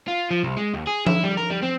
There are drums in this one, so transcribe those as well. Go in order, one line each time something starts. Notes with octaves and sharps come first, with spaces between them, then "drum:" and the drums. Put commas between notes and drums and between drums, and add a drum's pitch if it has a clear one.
F4
F3
C2
G#3
D#2
G#4
E4, drum: tom F3
G3
A#4
G3
C4